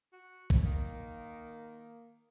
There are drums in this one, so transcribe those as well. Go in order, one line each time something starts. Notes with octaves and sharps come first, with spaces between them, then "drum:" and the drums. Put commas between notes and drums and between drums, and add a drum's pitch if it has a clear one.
F#4
drum: kick A#1
D#3 A#3